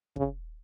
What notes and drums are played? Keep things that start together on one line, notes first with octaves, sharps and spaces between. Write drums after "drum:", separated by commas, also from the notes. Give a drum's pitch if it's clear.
C#3, drum: kick